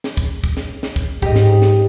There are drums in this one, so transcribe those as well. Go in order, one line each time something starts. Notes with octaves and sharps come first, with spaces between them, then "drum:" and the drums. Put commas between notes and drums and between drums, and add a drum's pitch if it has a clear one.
drum: snare
drum: kick
drum: kick
drum: snare
drum: snare
drum: kick
G#2 G4 D#5, drum: kick
drum: snare
drum: snare